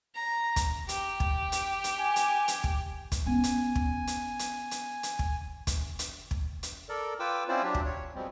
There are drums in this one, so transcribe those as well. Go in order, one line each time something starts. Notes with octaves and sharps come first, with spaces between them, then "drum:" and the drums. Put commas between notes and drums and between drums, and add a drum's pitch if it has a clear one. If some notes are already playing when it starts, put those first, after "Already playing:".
A#5
drum: kick, hi-hat
G4, drum: hi-hat
drum: kick
drum: hi-hat
drum: hi-hat
G#5
drum: hi-hat
drum: hi-hat
drum: kick
drum: kick, hi-hat
B3 C#4 G#5
drum: hi-hat
drum: kick
drum: hi-hat
drum: hi-hat
drum: hi-hat
drum: hi-hat
drum: kick
drum: kick, hi-hat
drum: hi-hat
drum: kick
drum: hi-hat
A4 A#4 D5
F4 B4 G5 D6 E6
C4 C#4 E4 F4 C5 D5
F#3 D4 G4
drum: kick
C#5
B2 F3 G3 G#3 C4